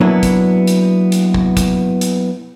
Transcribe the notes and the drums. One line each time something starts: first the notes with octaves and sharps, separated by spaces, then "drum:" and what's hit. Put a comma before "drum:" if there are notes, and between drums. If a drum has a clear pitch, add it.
F#3 A#3 B3 D4 E4
drum: kick, hi-hat
drum: hi-hat
drum: hi-hat
drum: kick
drum: kick, hi-hat
drum: hi-hat